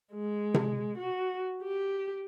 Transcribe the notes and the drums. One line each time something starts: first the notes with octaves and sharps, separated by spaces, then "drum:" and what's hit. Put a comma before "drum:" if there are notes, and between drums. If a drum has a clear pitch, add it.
G#3
drum: tom C3
F#4
G4